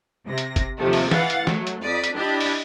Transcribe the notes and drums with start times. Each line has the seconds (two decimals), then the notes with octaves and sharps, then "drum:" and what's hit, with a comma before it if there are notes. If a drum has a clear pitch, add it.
0.27 C3 A#6
0.38 drum: hi-hat
0.56 drum: kick, hi-hat
0.78 D#2 C3 F3 A3
0.93 drum: open hi-hat
1.11 E3 F5 F#5 A6, drum: snare
1.30 drum: hi-hat
1.47 F#3 A3, drum: snare
1.67 drum: hi-hat
1.81 F2 D5 D#6 B6
2.04 drum: hi-hat
2.14 D4 E4 G4 D#5 B5
2.40 drum: open hi-hat